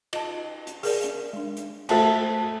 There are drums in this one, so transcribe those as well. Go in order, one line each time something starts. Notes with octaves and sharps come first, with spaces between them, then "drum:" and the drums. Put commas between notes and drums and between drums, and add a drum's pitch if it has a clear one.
D#5 A5, drum: cymbal
drum: hi-hat
G#4 A#4 D5, drum: open hi-hat
drum: hi-hat
G#3 D4
drum: hi-hat
A3 A4 C5 E5 G5 A5, drum: cymbal